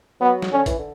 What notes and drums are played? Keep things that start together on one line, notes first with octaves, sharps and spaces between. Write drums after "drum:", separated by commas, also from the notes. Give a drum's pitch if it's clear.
F#3 B3
drum: snare
D3 C#4
E3, drum: kick A#1, hi-hat
D3